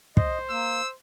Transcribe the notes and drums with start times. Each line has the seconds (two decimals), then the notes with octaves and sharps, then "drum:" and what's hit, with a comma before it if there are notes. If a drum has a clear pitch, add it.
0.17 C5 D#5, drum: kick
0.50 A#3 E6